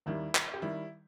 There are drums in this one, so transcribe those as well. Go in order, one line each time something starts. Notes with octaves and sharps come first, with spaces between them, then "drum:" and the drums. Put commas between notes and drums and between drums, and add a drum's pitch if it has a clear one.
D#2 D#3 G3 E4
drum: clap
G4
D#3 G3 E4